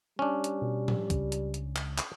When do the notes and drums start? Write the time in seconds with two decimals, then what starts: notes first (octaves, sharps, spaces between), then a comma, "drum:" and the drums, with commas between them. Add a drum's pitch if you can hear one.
0.19 G3 C#4 D4
0.44 drum: hi-hat
0.62 B2
0.88 drum: tom
1.10 C#2, drum: kick B1, hi-hat
1.32 drum: hi-hat
1.54 drum: hi-hat
1.76 drum: clap
1.98 drum: clap